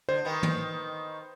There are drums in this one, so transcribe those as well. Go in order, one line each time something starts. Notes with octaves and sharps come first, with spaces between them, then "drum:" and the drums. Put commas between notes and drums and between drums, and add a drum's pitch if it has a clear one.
D3 C5
D#3 B3
drum: tom